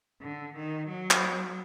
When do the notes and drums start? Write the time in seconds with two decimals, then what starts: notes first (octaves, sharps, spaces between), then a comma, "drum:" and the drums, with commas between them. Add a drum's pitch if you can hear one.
0.21 D3
0.56 D#3
0.88 F#3
1.11 drum: clap